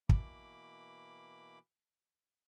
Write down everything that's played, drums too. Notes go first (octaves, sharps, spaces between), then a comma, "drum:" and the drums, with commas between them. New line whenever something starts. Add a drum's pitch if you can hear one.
B2 E3 A#3 B5 D6, drum: kick